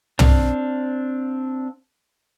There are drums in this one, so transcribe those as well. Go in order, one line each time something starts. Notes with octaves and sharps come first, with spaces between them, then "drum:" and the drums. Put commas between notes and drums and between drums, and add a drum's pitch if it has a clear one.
C4 D4 F5, drum: tom